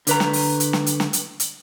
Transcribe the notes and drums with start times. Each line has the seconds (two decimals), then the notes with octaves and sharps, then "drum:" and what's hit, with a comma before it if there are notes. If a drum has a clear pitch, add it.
0.07 D3 B4 A#5, drum: hi-hat
0.20 drum: snare
0.33 drum: open hi-hat
0.60 drum: hi-hat
0.73 drum: snare
0.86 drum: hi-hat
1.00 drum: snare
1.13 drum: hi-hat
1.40 drum: hi-hat